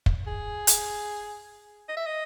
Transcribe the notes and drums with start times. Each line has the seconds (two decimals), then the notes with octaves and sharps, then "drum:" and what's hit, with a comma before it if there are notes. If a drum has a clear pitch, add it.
0.06 drum: kick
0.27 G#4
0.67 drum: hi-hat
1.89 D#5
1.97 E5
2.06 D#5